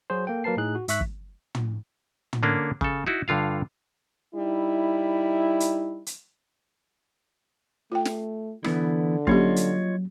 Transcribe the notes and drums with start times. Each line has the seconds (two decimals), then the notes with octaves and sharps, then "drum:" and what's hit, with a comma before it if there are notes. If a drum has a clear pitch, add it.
0.10 F#3 F#4 G#4 C5
0.27 A#3 A4 G5
0.44 F#3 A#3 A#4 B4 A5 C7
0.57 A2 D#4 G#4 F#6
0.75 F#4
0.88 G#2 E5 C#6 F#6 B6, drum: hi-hat
1.01 drum: kick
1.55 drum: tom
2.33 drum: tom
2.43 D3 A#3 C#4 D4
2.81 C#3 A4, drum: kick
3.07 D#4 E4 F#4
3.28 G2 D3 F4 F5
4.35 G3 D#4 E4
5.60 drum: hi-hat
6.06 drum: hi-hat
7.92 A3 F4 G5
8.05 drum: snare
8.64 D3 E3 B3 E4, drum: rim click
9.27 F#3 A#3 C#4 F4 G4 C#5 D#5, drum: kick
9.56 drum: hi-hat